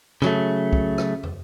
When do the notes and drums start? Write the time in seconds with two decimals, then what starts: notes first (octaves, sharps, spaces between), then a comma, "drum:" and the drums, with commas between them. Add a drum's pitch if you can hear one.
0.22 C#3 F#3 A3, drum: rim click
0.73 drum: kick C2
0.98 drum: rim click
1.23 drum: tom